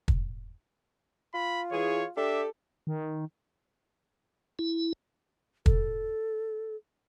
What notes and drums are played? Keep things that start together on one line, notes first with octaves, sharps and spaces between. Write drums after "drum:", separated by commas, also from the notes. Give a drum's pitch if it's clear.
drum: kick
F4 B5
E3 G#4 C#5
D4 G4 A4 E5
D#3
E4
A4, drum: kick